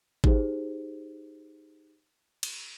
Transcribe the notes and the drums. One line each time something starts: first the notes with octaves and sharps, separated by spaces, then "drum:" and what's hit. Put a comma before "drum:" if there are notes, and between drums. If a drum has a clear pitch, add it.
D#4 G4 G#4 C5, drum: kick G#1
drum: cymbal